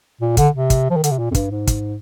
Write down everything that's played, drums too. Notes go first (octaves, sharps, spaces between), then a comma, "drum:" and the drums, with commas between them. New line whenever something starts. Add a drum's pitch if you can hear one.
A#2
D3, drum: kick, hi-hat
C3
drum: kick, hi-hat
F3
D#3
D3, drum: hi-hat
C3
A#2
F2
G2, drum: kick, hi-hat
G#2
drum: kick, hi-hat